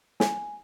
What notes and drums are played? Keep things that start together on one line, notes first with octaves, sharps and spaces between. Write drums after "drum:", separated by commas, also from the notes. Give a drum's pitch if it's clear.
G#5, drum: snare